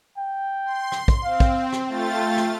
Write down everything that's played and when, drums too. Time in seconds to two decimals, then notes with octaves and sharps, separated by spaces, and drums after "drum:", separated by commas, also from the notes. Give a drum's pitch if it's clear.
0.17 G5
0.66 C6
0.92 drum: rim click
1.08 drum: kick
1.24 C4 F5
1.40 drum: kick
1.73 drum: rim click
1.87 A3 F4 G5 A6
2.37 drum: rim click